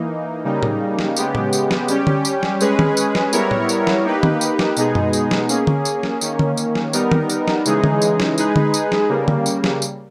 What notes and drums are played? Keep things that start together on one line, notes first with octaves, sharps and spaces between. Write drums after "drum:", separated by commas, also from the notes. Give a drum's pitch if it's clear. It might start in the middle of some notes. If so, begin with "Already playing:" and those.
Already playing: E3 A#3 D#4
C#3 G3 A#3 D#4
drum: tom A2
drum: snare
C#3 G#3 B3 G4, drum: tambourine
drum: tom A2
drum: tambourine
drum: snare
G3 C#4 G4, drum: tambourine
drum: tom D3
drum: tambourine
drum: snare
G#3 C#4 G#4 B4, drum: tambourine
drum: tom D#3
drum: tambourine
drum: snare
G3 B3 E4 A#4 C#5, drum: tambourine
drum: tom A2
drum: tambourine
drum: snare
A#3 D#4 G4 B4
drum: tom D#3
drum: tambourine
drum: snare
B2 G#3 B3 D#4 G#4, drum: tambourine
drum: tom F#2
drum: tambourine
drum: snare
A#3 C#4 G#4, drum: tambourine
drum: tom D3
drum: tambourine
drum: snare
D#3 A#3 C#4, drum: tambourine
drum: tom D3
drum: tambourine
drum: snare
G3 B3 D#4 A#4, drum: tambourine
drum: tom D#3
drum: tambourine
drum: snare
C#3 E3 G#3 D#4 G#4, drum: tambourine
drum: tom D3
drum: tambourine
drum: snare
G#3 D#4 G#4 B4, drum: tambourine
drum: tom D3
drum: tambourine
drum: snare
C#3 G3 A#3
drum: tom D3
drum: tambourine
drum: snare
drum: tambourine